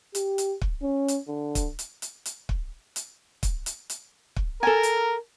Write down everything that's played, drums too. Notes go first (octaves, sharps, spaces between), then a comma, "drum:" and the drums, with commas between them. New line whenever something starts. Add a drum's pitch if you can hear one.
G4, drum: hi-hat
drum: hi-hat
drum: kick
C#4
drum: hi-hat
D3
drum: kick, hi-hat
drum: hi-hat
drum: hi-hat
drum: hi-hat
drum: kick
drum: hi-hat
drum: kick, hi-hat
drum: hi-hat
drum: hi-hat
drum: kick
A4 A#4 G#5
drum: hi-hat